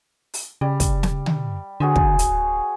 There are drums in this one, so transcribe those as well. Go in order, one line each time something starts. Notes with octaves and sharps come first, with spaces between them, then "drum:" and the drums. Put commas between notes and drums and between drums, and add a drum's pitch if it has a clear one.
drum: open hi-hat
C#3 G3
drum: kick, hi-hat
drum: snare
drum: tom
D3 F#4 G#4 C5
drum: kick
D1, drum: hi-hat